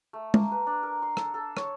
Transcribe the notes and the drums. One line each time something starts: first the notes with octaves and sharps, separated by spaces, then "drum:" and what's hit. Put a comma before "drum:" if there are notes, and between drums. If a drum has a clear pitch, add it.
A3
A#3, drum: tom
B4
D4
A#4
C6
A4, drum: rim click
A4
C#5, drum: rim click